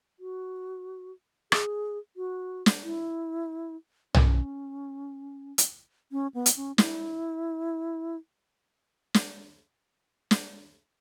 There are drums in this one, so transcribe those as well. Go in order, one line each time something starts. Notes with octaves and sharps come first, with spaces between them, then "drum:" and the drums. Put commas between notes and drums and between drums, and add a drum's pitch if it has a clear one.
F#4
G#4, drum: rim click
F#4
drum: snare
E4
C#4, drum: tom B1
drum: hi-hat
C#4
B3
drum: hi-hat
C#4
E4, drum: snare
drum: snare
drum: snare